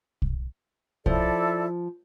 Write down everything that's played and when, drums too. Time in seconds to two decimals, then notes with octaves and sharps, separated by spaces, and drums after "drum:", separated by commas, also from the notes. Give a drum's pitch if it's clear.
0.22 drum: kick
1.06 F3 E4 A4 D5, drum: kick